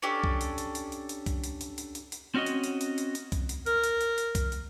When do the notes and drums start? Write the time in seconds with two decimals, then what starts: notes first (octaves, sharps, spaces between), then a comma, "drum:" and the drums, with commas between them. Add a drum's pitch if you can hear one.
0.02 C#4 D4 G4 A4
0.24 drum: kick C2
0.41 drum: hi-hat
0.58 drum: hi-hat
0.75 drum: hi-hat
0.92 drum: hi-hat
1.09 drum: hi-hat
1.26 drum: kick C2, hi-hat
1.44 drum: hi-hat
1.61 drum: hi-hat
1.78 drum: hi-hat
1.95 drum: hi-hat
2.12 drum: hi-hat
2.35 C4 C#4 F#4 C#5 D#5
2.46 drum: hi-hat
2.64 drum: hi-hat
2.81 drum: hi-hat
2.98 drum: hi-hat
3.15 drum: hi-hat
3.32 drum: kick C2, hi-hat
3.49 drum: hi-hat
3.66 A#4, drum: hi-hat
3.84 drum: hi-hat
4.01 drum: hi-hat
4.18 drum: hi-hat
4.35 drum: kick C2, hi-hat
4.52 drum: hi-hat